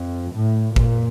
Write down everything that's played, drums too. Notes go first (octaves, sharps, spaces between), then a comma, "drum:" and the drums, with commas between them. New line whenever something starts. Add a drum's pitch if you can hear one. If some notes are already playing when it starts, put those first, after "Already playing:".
Already playing: F2
A2
A#2, drum: kick G#1